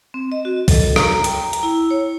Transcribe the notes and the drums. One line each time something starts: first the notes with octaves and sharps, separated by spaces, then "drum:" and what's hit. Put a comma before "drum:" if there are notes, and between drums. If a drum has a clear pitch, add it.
C4
D#5
F#4
A4, drum: kick, open hi-hat
A#5, drum: rim click
G5, drum: hi-hat
A#5
drum: hi-hat
E4
C#5